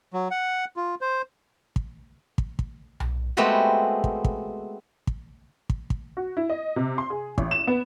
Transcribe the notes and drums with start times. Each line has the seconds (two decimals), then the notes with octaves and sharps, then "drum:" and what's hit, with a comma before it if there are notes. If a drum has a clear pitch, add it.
0.14 F#3
0.31 F#5
0.77 F4
1.01 C5
1.76 drum: kick
2.38 drum: kick
2.59 drum: kick
3.00 drum: tom B1
3.37 G#3 A3 B3 C4 F#4 G4
4.04 drum: kick
4.24 drum: kick
5.07 drum: kick
5.70 drum: kick
5.90 drum: kick
6.17 F#4
6.37 E4
6.50 D#5
6.76 C3
6.98 C6
7.10 G#4
7.38 A1, drum: kick
7.51 E7
7.67 B3